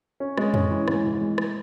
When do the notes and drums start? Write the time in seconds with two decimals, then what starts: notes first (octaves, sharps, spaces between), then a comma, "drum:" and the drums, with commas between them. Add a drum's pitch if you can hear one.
0.20 C#4
0.38 G#3, drum: rim click
0.54 C#4, drum: tom F2
0.71 E3
0.88 G#2, drum: rim click
1.05 E3
1.21 G#3
1.38 drum: rim click